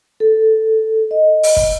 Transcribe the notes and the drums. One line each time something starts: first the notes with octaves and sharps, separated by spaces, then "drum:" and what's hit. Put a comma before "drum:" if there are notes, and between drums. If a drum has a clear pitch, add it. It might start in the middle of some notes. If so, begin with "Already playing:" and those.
A4
D#5
drum: open hi-hat
drum: kick